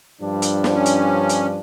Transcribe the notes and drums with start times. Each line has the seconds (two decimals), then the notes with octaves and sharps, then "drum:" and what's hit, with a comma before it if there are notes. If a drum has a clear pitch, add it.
0.20 G2 F3 D4
0.42 drum: hi-hat
0.64 drum: snare
0.74 C#4
0.86 drum: hi-hat
1.29 drum: hi-hat